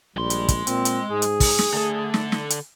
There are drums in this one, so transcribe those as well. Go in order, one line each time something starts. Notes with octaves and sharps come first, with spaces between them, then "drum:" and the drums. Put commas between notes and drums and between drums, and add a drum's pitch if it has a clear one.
A#1 G3 G#3 C6
drum: hi-hat
drum: kick, hi-hat
A#2 C4, drum: hi-hat
drum: hi-hat
G#2 G#4
drum: hi-hat
drum: kick, open hi-hat
drum: snare
D3 A3 A4
drum: snare
drum: snare
drum: hi-hat